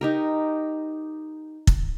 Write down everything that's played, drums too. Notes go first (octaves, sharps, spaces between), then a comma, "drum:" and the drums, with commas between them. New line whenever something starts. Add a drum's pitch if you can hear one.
D#4 G4 A#4
drum: kick